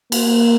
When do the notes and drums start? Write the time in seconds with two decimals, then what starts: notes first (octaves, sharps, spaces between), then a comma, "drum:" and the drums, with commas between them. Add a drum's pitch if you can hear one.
0.12 A#3, drum: cymbal